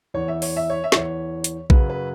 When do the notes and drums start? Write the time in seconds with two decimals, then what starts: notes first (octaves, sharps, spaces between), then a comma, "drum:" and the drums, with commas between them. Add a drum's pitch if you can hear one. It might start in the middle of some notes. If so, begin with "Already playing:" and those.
0.14 E2 E3 C#5
0.28 E5
0.42 C#5, drum: open hi-hat
0.56 E5
0.70 C#5
0.84 E5
0.92 E2 E3 C#5, drum: snare
1.44 drum: hi-hat
1.70 F#2 C#3 F#3 B4, drum: kick A#1
1.90 B4